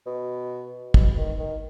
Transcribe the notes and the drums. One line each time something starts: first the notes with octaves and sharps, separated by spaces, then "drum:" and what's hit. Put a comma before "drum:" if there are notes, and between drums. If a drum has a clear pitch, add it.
B2
B2, drum: kick
D#3
D#3